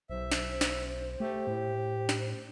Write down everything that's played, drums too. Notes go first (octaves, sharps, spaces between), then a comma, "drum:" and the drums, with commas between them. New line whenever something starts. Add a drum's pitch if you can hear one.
B1 C5 E5
drum: snare
drum: snare
A3 G4
A2
drum: snare